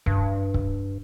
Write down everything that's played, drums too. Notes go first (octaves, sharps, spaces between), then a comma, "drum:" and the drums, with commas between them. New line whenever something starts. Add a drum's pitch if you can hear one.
G2, drum: kick C#1
drum: kick C#1